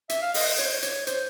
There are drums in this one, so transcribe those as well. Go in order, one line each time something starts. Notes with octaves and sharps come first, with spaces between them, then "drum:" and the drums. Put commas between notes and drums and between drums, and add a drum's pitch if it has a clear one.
E5, drum: hi-hat
F5
D#5, drum: open hi-hat
C#5, drum: hi-hat
C5
C#5
drum: hi-hat
C5, drum: hi-hat